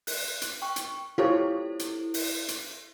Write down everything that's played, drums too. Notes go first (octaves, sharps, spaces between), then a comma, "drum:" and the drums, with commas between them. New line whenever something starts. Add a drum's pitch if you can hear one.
F#6, drum: open hi-hat
drum: hi-hat
G5 C#6
drum: hi-hat
E4 F4 G4 A4 C5 C#5
drum: hi-hat
drum: open hi-hat
drum: hi-hat